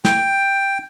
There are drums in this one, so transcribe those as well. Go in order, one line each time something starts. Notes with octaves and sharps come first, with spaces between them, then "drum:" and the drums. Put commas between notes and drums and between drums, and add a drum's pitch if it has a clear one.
G5, drum: snare